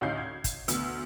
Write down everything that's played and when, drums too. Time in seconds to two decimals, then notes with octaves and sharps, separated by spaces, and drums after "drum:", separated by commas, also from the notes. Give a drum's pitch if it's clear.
0.01 A1 D2 D#4 F5 G6 C7
0.18 G#6
0.44 drum: kick, hi-hat
0.68 D2 B3 E6, drum: hi-hat